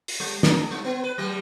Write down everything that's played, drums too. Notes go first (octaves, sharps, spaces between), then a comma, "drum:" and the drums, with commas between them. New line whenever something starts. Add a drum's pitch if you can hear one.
drum: open hi-hat
G3
G#3 D4 D#4, drum: snare
G3 D#4
B3
B4
F#3 G3